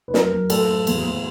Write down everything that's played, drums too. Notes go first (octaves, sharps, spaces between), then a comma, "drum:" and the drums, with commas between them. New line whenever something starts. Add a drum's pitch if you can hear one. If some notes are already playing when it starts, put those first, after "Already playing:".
B4
F#2 A#4, drum: snare
F#2
A2 A4, drum: cymbal
A2
E2, drum: cymbal
E2